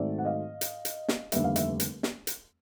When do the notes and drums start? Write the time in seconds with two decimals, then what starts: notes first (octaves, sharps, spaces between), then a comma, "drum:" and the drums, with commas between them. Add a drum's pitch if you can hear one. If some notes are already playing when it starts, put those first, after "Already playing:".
Already playing: G#2 D#3 F#3 A3 C4 D5 E5
0.18 F#5
0.25 D#5 F5
0.61 drum: hi-hat
0.85 drum: hi-hat
1.08 drum: snare
1.32 F1 D#2 D3 G3 B3 E5, drum: hi-hat
1.44 F5
1.56 E5, drum: hi-hat
1.80 drum: hi-hat
2.03 drum: snare
2.27 drum: hi-hat